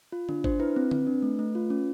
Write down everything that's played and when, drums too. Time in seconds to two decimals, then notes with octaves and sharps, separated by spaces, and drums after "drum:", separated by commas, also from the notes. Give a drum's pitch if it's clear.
0.12 F4
0.29 D4, drum: tom D3
0.44 D4 C5, drum: kick G#1
0.60 E4 B4
0.76 C4
0.91 C4, drum: tom D3
1.07 D4
1.22 A3
1.39 A3
1.55 F4
1.70 C#4